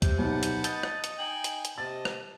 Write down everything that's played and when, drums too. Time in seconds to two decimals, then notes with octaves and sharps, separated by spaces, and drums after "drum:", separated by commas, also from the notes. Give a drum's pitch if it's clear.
0.02 C3 C4 G6, drum: kick, hi-hat
0.18 B1 D#4 B4 F#5 A5
0.43 drum: hi-hat
0.64 D#5 G6 A6, drum: hi-hat
0.83 drum: rim click
1.04 drum: hi-hat
1.19 D#4 G5 G#5 F#7
1.44 drum: hi-hat
1.65 drum: hi-hat
1.78 C3 D#5 A5 A6
2.05 drum: rim click